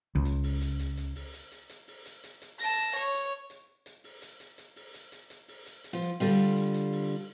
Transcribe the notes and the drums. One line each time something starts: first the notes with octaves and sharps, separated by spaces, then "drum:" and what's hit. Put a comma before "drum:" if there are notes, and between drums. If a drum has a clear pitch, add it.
C#2
drum: hi-hat
drum: open hi-hat
drum: hi-hat
drum: hi-hat
drum: hi-hat
drum: open hi-hat
drum: hi-hat
drum: hi-hat
drum: hi-hat
drum: open hi-hat
drum: hi-hat
drum: hi-hat
drum: hi-hat
A5 A#6, drum: open hi-hat
drum: hi-hat
C#5, drum: hi-hat
drum: hi-hat
drum: hi-hat
drum: hi-hat
drum: open hi-hat
drum: hi-hat
drum: hi-hat
drum: hi-hat
drum: open hi-hat
drum: hi-hat
drum: hi-hat
drum: hi-hat
drum: open hi-hat
drum: hi-hat
drum: hi-hat
F3 F4
drum: hi-hat
D3 G3 F4, drum: open hi-hat
drum: hi-hat
drum: hi-hat
drum: hi-hat
drum: open hi-hat